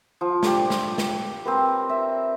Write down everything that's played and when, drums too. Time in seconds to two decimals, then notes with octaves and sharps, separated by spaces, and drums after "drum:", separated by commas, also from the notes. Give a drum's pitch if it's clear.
0.21 F3
0.43 D4 G4, drum: snare
0.70 drum: snare
0.98 drum: snare
1.45 C4 A#4 B4
1.89 E5